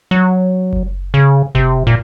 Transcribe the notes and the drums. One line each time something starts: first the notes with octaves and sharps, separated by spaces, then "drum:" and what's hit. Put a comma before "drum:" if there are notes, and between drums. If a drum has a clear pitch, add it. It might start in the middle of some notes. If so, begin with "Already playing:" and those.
F#3
drum: kick F#1
C#3
C3, drum: kick F#1
A#2